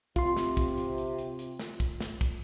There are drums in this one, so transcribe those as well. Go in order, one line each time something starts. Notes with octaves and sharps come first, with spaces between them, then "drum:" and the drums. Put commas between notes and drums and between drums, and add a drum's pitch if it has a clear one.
C3 F4 C6, drum: kick, hi-hat
drum: snare
drum: kick, hi-hat
drum: hi-hat
drum: hi-hat
drum: hi-hat
drum: hi-hat
drum: snare
drum: kick, hi-hat
drum: snare
drum: kick, hi-hat